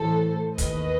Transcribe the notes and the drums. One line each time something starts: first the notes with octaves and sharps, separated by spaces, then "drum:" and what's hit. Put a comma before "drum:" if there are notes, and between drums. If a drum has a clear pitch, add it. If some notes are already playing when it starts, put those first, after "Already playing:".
Already playing: A1 A2 E3 A4 C5
D#2 D#3 B4 D#5, drum: kick, hi-hat